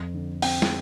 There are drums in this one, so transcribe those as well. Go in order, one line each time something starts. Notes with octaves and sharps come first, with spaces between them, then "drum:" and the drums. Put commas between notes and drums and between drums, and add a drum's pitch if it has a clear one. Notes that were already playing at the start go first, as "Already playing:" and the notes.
Already playing: F2
D3
C4 G5, drum: open hi-hat
drum: snare